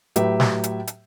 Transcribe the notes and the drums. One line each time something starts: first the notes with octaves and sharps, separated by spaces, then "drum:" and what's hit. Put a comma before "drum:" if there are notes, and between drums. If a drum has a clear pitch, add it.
A2 F#3 G4 B4 E5, drum: hi-hat
drum: snare
drum: hi-hat
drum: hi-hat